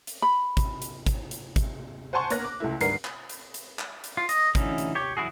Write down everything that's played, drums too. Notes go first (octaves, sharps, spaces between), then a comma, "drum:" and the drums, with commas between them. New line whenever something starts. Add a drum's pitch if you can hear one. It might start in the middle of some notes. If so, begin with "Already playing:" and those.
drum: hi-hat
B5
drum: kick, hi-hat
drum: hi-hat
drum: kick, hi-hat
drum: hi-hat
drum: kick, hi-hat
C5 F#5 G#5 A5 C6 C#6
A#3 B3 C#5 F#6 A#6, drum: hi-hat
D6
C#2 A3 E4
G#1 D2 G3 A#4 B4 C7, drum: hi-hat
drum: clap
drum: hi-hat
drum: hi-hat
drum: clap
drum: hi-hat
F4
D#5, drum: hi-hat
D3 E3 A3 C#4 D#4, drum: kick, hi-hat
drum: hi-hat
G4 C#5
E3 F#3 E4 F#4 G#4